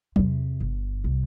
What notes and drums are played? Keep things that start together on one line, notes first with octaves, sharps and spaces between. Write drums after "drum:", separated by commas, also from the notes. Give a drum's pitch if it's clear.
E2 C3, drum: tom F#3
G1
C2